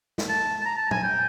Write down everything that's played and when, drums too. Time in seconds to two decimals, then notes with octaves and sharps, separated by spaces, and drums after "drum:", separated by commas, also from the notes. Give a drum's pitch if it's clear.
0.18 drum: snare
0.29 A5
0.62 A5
0.65 A#5
0.78 A5
0.91 G#5, drum: tom A#2
1.04 G5